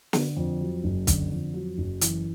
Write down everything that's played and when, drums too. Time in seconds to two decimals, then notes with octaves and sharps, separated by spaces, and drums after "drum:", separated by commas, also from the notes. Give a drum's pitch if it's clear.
0.13 D3, drum: snare
0.37 F2
0.61 F#3
0.84 F#1
1.07 D3, drum: kick, hi-hat
1.31 F2
1.54 F#3
1.78 F#1
2.01 E3, drum: hi-hat